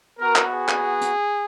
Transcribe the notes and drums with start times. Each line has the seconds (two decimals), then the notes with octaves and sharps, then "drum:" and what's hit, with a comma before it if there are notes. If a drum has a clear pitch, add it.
0.20 B3 F#4 A#4
0.36 drum: clap
0.52 G#4
0.68 drum: clap
1.01 drum: hi-hat